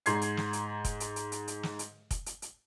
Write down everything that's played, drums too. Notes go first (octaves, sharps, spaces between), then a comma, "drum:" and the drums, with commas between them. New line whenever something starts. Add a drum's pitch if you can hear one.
G#2 A#5 C6 G#6 C7, drum: hi-hat
drum: hi-hat
drum: snare
drum: hi-hat
drum: kick, hi-hat
drum: hi-hat
drum: hi-hat
drum: hi-hat
drum: hi-hat
drum: snare
drum: hi-hat
drum: kick, hi-hat
drum: hi-hat
drum: hi-hat